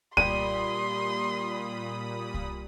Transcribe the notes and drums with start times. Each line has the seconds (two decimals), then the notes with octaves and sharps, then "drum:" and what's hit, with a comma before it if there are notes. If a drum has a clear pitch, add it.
0.17 A#2 G3 G4 B5 C6 D#6 D#7, drum: kick C2
2.34 drum: kick C2